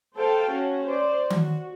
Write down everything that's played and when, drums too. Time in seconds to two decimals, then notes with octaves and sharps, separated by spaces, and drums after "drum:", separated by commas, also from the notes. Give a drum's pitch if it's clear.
0.16 A4 C5 F5 G5 A5
0.50 C#4 F#4
0.86 C5 D5
1.30 F#4, drum: tom D#3